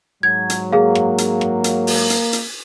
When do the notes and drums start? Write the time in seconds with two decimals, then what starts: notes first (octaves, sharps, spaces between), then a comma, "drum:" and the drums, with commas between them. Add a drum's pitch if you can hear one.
0.23 G#2 F#3 G#6
0.50 drum: hi-hat
0.73 A#3 G#4 F5
0.95 drum: rim click
1.18 drum: hi-hat
1.41 drum: rim click
1.64 drum: hi-hat
1.87 drum: open hi-hat
2.10 drum: hi-hat
2.33 drum: hi-hat